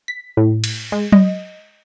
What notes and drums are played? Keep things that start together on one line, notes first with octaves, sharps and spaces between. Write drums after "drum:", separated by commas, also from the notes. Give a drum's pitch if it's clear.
B6
A2
drum: cymbal
G#3
D#5, drum: tom F#3